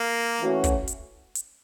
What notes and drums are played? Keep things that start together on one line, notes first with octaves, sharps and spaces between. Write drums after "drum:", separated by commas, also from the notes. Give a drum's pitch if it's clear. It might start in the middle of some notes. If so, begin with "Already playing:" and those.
Already playing: A#3
E3 A3 C#4 F#4
drum: kick, hi-hat
drum: hi-hat
drum: hi-hat